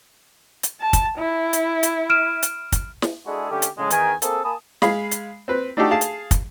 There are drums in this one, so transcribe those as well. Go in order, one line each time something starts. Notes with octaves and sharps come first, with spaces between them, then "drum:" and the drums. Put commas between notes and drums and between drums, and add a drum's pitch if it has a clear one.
drum: hi-hat
A5
drum: kick, hi-hat
E4
drum: hi-hat
drum: hi-hat
F6 D7 E7
drum: hi-hat
drum: kick, hi-hat
drum: snare
G#3 D4 E4 F#4 G#4 A4
D3 A3 C#4 G4
drum: hi-hat
A2 C#3 F3 G#3
E2 D#3 G#5, drum: hi-hat
A#3 C4 G#4 A4, drum: hi-hat
A#3 G#5 A5 B5 D#6
G#3 G#4 F5 B5, drum: snare
drum: hi-hat
C4 B4
A3 D4 D#4 F#4 G4 A4
G#4 F5 A5
drum: hi-hat
drum: kick, hi-hat